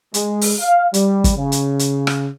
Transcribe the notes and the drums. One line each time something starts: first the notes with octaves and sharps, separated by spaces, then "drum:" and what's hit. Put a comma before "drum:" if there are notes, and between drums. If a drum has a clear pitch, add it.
G#3, drum: hi-hat
drum: open hi-hat
F5
G3, drum: hi-hat
drum: kick, hi-hat
C#3
drum: hi-hat
drum: hi-hat
drum: rim click